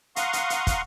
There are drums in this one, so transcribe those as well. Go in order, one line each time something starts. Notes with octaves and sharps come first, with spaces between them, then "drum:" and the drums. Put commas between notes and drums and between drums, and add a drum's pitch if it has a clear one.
F5 F#5 A#5 C6 C#6 D#6, drum: hi-hat
drum: hi-hat
drum: hi-hat
drum: kick, hi-hat